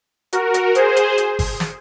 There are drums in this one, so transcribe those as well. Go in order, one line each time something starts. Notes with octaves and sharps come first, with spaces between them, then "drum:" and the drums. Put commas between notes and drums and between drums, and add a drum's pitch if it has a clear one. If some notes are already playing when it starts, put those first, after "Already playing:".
F#4 A#4, drum: hi-hat
drum: hi-hat
G#4 C5, drum: hi-hat
drum: hi-hat
drum: hi-hat
drum: kick G1, open hi-hat
drum: snare